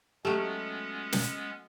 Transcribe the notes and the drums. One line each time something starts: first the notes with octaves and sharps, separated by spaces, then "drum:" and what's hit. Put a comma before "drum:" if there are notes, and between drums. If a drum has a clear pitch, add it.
F#3 G#3 A3 B3 C#4 G4 F6 D7
drum: snare